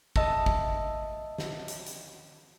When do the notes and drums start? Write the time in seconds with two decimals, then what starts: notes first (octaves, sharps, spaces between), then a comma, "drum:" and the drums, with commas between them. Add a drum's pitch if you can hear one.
0.16 D#5 E5 A5 E6 A#6, drum: kick G#1
0.46 drum: kick G#1
1.38 drum: snare
1.68 drum: hi-hat
1.86 drum: hi-hat